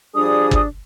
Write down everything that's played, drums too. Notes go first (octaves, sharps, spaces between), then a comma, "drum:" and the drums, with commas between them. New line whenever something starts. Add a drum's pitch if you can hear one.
F3 G3 D4 G#4 D#6
drum: kick